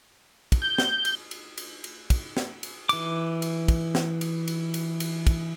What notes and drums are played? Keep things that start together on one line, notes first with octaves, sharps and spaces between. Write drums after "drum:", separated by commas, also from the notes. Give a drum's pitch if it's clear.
drum: kick, cymbal
G6
drum: snare
drum: cymbal
drum: cymbal
drum: cymbal
drum: cymbal
drum: kick, cymbal
drum: snare
drum: cymbal
E3 D6, drum: cymbal
drum: cymbal
drum: kick, cymbal
drum: snare
drum: cymbal
drum: cymbal
drum: cymbal
drum: cymbal
drum: kick, cymbal